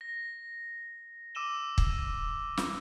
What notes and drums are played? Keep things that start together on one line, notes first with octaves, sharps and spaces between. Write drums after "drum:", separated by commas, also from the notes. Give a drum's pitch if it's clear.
A#6
D6 E6 D#7 E7 G7
drum: kick
drum: snare